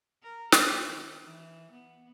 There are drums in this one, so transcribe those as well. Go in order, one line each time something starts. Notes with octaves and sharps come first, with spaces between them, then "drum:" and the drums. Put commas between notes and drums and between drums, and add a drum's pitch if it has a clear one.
A#4
A4, drum: snare
D#3
E3
B3